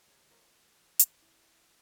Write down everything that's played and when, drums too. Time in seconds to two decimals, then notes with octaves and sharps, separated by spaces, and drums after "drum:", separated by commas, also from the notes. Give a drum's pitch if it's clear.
0.07 C2 F2 D#3 G3 G#3 C#5
0.30 E3 A3 C#4 F4 A#4 C5
0.99 drum: hi-hat
1.22 E4